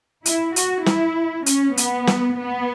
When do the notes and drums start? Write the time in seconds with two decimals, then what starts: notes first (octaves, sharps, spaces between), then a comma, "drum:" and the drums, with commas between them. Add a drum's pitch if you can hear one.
0.26 E4, drum: hi-hat
0.56 F#4, drum: hi-hat
0.86 E4, drum: snare
1.46 C#4, drum: hi-hat
1.77 B3, drum: hi-hat
2.07 drum: snare
2.37 B3